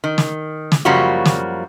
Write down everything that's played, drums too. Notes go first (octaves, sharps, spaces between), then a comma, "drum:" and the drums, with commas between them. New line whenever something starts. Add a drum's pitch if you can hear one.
D#3
drum: snare
drum: snare
F#2 C#3 F3 G3 A#3 F#4
drum: snare